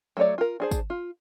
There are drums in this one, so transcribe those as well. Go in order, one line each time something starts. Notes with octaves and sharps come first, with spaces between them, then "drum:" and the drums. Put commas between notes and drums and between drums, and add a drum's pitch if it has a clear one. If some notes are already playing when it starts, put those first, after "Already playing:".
F#3 A3 G#4 C#5 D5
F4 A#4
D4 G#4 C5
drum: kick, tambourine
F4